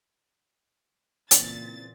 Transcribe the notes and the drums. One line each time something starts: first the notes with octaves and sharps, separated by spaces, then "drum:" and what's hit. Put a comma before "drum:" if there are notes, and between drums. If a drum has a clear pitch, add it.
A#2 C#3 E3 C4 A6, drum: hi-hat